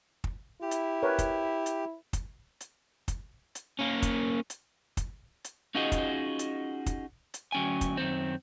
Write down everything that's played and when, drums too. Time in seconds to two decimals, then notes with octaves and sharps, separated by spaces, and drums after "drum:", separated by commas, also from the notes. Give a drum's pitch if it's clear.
0.24 drum: kick
0.62 E4 G4
0.71 drum: hi-hat
1.03 A#4 B4 C#5
1.18 drum: kick, hi-hat
1.66 drum: hi-hat
2.13 drum: kick, hi-hat
2.60 drum: hi-hat
3.08 drum: kick, hi-hat
3.55 drum: hi-hat
3.79 A#3 C#4
4.02 drum: kick, hi-hat
4.50 drum: hi-hat
4.97 drum: kick, hi-hat
5.44 drum: hi-hat
5.75 C#4 D#4 F4 F#4 G#4 D#5
5.92 drum: kick, hi-hat
6.39 drum: hi-hat
6.86 drum: kick, hi-hat
7.34 drum: hi-hat
7.52 D2 F#3 C#4 G5 G#5
7.81 drum: kick, hi-hat
7.97 F#2 D#3 C4